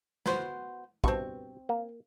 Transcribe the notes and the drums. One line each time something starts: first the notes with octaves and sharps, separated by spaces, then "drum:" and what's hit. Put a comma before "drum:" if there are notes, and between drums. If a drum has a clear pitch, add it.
B3 F#4 C5, drum: snare
G2 B2 C4 C#6, drum: kick
A#3